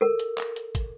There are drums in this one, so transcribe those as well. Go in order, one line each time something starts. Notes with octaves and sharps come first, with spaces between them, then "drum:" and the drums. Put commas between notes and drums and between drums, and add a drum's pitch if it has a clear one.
A4 A#4
drum: hi-hat
drum: clap
drum: hi-hat
drum: kick, hi-hat